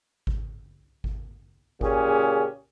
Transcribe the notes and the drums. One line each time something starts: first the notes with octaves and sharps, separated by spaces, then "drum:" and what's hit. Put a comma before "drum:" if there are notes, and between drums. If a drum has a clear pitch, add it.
drum: kick G#1
drum: kick G#1
A#2 C#3 C#4 G4 G#4, drum: kick G#1